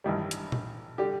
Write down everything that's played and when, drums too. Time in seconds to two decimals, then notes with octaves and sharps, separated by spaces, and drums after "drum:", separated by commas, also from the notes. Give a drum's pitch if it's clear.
0.04 A1 G2 D#3 G3
0.31 drum: hi-hat
0.52 drum: tom A#2
0.98 D3 G3 G4